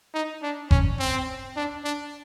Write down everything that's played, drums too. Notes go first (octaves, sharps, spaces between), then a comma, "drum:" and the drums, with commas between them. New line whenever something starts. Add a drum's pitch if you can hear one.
D#4
D4
C#4, drum: kick F#1
C4
D4
D4